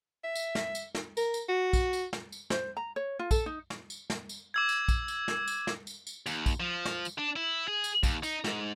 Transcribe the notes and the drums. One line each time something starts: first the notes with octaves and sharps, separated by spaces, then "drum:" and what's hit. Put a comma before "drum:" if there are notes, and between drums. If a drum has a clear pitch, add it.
E5
drum: tambourine
drum: snare
drum: tambourine
drum: snare
A#4, drum: tambourine
drum: tambourine
F#4
drum: kick A#1, tambourine
drum: tambourine
drum: snare
drum: tambourine
C5, drum: snare
A#5
C#5
F4
A4, drum: kick A#1, tambourine
D#4
drum: snare
drum: tambourine
drum: snare
drum: tambourine
D6 E6 G#6
drum: tambourine
drum: kick A#1, tambourine
drum: tambourine
drum: snare
drum: tambourine
drum: snare
drum: tambourine
drum: tambourine
D#2, drum: tambourine
drum: kick A#1, tambourine
F3
drum: snare
drum: tambourine
D4
E4
G#4
drum: tambourine
D#2, drum: kick A#1, tambourine
D#4, drum: tambourine
G#2, drum: snare